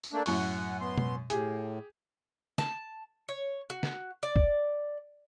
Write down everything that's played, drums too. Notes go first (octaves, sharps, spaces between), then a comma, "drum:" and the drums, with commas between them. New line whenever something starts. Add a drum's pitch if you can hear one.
drum: tambourine
A3 A#3 D4
F#2 A2 F#5 C#6, drum: open hi-hat
B3 C6
drum: tom B2
A2 G4 G#4, drum: hi-hat
A5, drum: snare
C#5
F#4
drum: snare
D5
drum: kick F#1